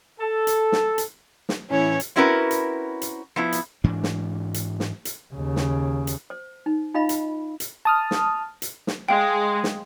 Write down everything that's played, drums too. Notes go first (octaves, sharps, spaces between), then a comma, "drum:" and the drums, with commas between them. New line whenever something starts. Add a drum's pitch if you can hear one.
A4
drum: hi-hat
drum: snare
drum: hi-hat
drum: snare
A2 E3 C#4 E4 C#5
drum: hi-hat
C4 C#4 E4 F#4 A#4 B4
drum: hi-hat
drum: hi-hat
F3 B3 E4
drum: hi-hat
G#2 E3 D4
drum: snare
drum: hi-hat
drum: snare
drum: hi-hat
D#2 C#3
drum: snare
drum: hi-hat
C5
D#4
D#4 F4 D#5 F5 B5
drum: hi-hat
drum: hi-hat
A5 D#6 F6
drum: snare
drum: hi-hat
drum: snare
G#3 F5 G5
drum: snare